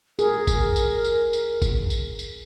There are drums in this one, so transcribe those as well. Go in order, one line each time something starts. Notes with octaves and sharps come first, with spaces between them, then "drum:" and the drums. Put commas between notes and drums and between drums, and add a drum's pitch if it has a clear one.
G#4 A#4, drum: tambourine
drum: kick, tambourine
drum: tambourine
drum: tambourine
drum: tambourine
drum: kick, tambourine
drum: tambourine
drum: tambourine